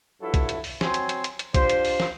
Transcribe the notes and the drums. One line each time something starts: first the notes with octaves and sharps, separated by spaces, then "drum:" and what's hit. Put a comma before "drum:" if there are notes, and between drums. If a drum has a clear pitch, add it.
G2 F3 F#3 E4 A4 E5
drum: kick, hi-hat
drum: hi-hat
drum: open hi-hat
F#3 C4 G#5 C6, drum: snare
drum: hi-hat
drum: hi-hat
drum: hi-hat
drum: hi-hat
D4 F4 G4 C5, drum: kick, hi-hat
drum: hi-hat
drum: open hi-hat
drum: snare